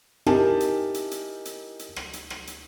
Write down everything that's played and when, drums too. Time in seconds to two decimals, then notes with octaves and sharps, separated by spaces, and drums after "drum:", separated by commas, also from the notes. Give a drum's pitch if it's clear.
0.26 D#4 E4 G4 A#4 G#5 A5, drum: rim click
0.60 drum: hi-hat
0.94 drum: hi-hat
1.11 drum: hi-hat
1.45 drum: hi-hat
1.79 drum: hi-hat
1.96 drum: rim click
2.13 drum: hi-hat
2.30 drum: rim click
2.47 drum: hi-hat